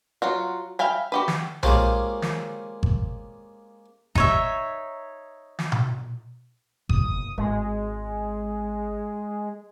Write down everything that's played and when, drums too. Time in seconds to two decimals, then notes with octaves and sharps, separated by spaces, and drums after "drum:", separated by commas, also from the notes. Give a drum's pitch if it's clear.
0.22 F#3 F4 F#4
0.79 E5 F5 G5 G#5 B5
1.12 F#4 G4 B4
1.28 drum: snare
1.63 G#3 A#3 C#4 F4 G4 C5, drum: tom B1
2.22 drum: snare
2.83 drum: kick G#1
4.15 D#4 C#5 E5, drum: kick G#1
5.59 drum: snare
5.72 drum: tom B2
6.89 F#1 B1 D#6, drum: kick G#1
7.38 G#1 G#3